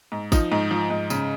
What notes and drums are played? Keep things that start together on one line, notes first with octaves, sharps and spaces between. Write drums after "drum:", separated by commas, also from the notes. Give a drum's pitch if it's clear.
G#2
F3 D#4, drum: kick G#1, tambourine
G#2
F3
G#2
C#3, drum: tambourine